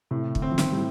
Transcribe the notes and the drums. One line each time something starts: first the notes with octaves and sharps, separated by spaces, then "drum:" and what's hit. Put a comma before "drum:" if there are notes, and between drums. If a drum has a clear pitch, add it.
A2 C3
D3, drum: kick
C4
F3
D#3, drum: snare
A2 G3